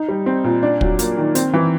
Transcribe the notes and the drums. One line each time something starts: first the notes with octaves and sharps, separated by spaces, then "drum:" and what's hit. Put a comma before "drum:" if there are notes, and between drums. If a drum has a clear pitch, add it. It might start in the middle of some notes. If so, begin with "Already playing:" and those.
Already playing: D#4
G3
C4
A#2
D4
F#3, drum: kick
A#3, drum: hi-hat
D#3
C4, drum: hi-hat
E3